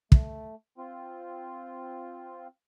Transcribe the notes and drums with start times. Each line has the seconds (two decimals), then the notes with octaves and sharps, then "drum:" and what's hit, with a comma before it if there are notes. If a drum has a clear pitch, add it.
0.12 A3, drum: kick
0.78 C4 F4